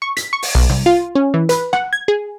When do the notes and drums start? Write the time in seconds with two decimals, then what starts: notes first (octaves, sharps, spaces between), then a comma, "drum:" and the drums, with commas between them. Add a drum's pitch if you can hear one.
0.02 C#6
0.17 B6, drum: hi-hat
0.33 C#6
0.43 drum: open hi-hat
0.55 B1
0.69 C2, drum: rim click
0.86 F4
1.15 C#4
1.34 E3
1.49 B4, drum: hi-hat
1.73 F#5, drum: rim click
1.93 G#6
2.08 G#4